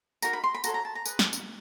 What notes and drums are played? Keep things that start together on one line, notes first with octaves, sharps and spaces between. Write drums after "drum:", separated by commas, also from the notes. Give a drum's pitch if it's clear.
D#4 F#4 A#4 A#5, drum: tambourine
B5
C6
B5
F#4 A4 C#5 A#5, drum: tambourine
A#5
A5
A#5
G#4 B4 D#5, drum: tambourine
drum: snare
drum: tambourine